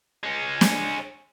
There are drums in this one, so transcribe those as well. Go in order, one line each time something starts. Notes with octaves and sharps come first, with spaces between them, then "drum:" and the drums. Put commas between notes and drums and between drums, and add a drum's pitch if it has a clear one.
G#3 C#4
drum: snare